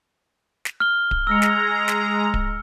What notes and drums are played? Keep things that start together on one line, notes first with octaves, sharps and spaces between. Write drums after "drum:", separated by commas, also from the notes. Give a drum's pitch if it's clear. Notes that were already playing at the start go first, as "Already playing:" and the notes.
drum: snare
F6 G7
drum: kick D1
G#3 A#5 E6 F6 C#7
drum: snare
drum: snare
drum: kick D1